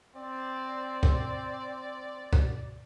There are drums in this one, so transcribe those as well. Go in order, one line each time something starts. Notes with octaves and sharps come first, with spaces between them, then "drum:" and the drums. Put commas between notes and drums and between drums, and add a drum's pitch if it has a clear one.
C4 D5
drum: kick
drum: kick